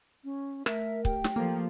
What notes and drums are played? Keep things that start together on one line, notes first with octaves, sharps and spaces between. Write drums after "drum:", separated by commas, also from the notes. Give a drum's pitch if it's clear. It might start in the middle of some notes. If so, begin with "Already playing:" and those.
C#4
A3 A#4 E5, drum: rim click
G4 G5, drum: kick
drum: snare
F3 A#3 A4 A#4